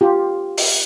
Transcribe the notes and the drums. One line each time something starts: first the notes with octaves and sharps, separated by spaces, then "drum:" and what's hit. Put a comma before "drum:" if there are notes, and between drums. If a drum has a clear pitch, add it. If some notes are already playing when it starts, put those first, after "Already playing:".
F4 G4
drum: open hi-hat